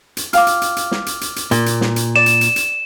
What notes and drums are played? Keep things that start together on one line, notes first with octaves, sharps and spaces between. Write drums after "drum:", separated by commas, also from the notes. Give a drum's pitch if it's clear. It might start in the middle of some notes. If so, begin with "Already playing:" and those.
drum: hi-hat
F4 F5 G5 D6 F6, drum: hi-hat
drum: hi-hat
drum: hi-hat
drum: hi-hat
drum: snare
drum: hi-hat
drum: hi-hat
drum: hi-hat
A#2, drum: hi-hat
drum: hi-hat
drum: snare
drum: hi-hat
D5 E7
drum: hi-hat
drum: hi-hat
drum: hi-hat